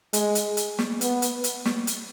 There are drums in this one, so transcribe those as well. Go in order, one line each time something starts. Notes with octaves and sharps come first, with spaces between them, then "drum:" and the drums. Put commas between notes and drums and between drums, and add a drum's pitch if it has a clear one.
G#3, drum: hi-hat
drum: hi-hat
drum: hi-hat
drum: snare
B3, drum: hi-hat
drum: hi-hat
drum: hi-hat
drum: snare
drum: hi-hat